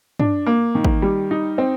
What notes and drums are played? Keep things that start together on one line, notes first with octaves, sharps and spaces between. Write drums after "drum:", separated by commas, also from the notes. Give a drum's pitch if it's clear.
D4, drum: tom G2
A#3
D#3
drum: kick
G3
D#4
C4